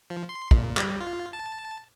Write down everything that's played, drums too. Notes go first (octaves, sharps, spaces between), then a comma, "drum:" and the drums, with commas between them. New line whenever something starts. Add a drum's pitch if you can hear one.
F3
C6
A#2, drum: kick
G3, drum: clap
F4
A5